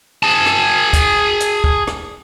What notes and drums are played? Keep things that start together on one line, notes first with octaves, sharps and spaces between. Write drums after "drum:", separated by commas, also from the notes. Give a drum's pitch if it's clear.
G#4 A5
drum: rim click
drum: kick, hi-hat
drum: hi-hat
drum: kick
drum: rim click